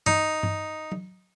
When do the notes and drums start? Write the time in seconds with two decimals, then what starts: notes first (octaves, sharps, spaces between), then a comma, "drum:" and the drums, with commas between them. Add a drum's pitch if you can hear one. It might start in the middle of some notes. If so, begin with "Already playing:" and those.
0.06 D#4, drum: tom G2
0.43 drum: tom G2
0.92 drum: tom